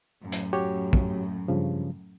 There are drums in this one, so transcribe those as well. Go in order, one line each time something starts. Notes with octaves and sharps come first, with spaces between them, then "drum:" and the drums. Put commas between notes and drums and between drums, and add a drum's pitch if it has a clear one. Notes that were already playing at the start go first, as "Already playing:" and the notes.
F#2 A2
drum: hi-hat
F#4 G4 C#5
drum: kick
G2 C#3 F3